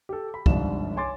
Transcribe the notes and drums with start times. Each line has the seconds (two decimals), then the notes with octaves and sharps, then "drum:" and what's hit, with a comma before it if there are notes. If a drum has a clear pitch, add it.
0.09 G4 A4
0.34 B5
0.46 G1 C2 G#2 F3 D4 E7, drum: kick
0.97 C#5 G#5 C6 D6 A6